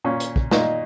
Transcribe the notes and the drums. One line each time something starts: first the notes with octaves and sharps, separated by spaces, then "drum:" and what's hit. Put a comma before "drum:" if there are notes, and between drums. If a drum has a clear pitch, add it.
A#2 C#4
drum: hi-hat
drum: kick
A#2 D#4, drum: snare